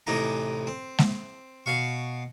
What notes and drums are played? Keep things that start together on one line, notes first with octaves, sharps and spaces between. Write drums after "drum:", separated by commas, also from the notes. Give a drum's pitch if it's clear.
A1 C3 E3 D#4 A#5
C4
drum: snare G#3
B2 F5 C#6